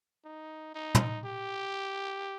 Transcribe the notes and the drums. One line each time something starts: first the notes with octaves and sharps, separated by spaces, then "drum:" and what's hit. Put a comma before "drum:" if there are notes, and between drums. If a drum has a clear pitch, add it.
D#4
D#4
drum: tom
G4